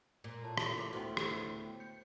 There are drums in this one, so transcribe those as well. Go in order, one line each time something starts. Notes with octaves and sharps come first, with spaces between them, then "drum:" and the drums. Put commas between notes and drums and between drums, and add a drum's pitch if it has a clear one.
A#2
A2 A5
drum: rim click
C6 D6 B6
D2 B3 F#4 C5 G5
drum: rim click
G6 C#7